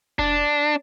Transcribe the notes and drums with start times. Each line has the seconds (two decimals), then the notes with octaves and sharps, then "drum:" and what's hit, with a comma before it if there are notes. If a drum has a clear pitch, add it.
0.19 D4, drum: kick F1